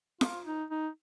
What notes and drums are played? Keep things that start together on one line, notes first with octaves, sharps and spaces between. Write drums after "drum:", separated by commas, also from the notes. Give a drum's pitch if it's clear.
F4, drum: snare F4
D#4
D#4